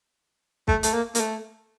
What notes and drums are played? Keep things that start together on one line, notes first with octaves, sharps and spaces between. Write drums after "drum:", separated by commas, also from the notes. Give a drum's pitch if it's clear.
A3, drum: kick
A3, drum: hi-hat
A#3
A#3, drum: hi-hat
A3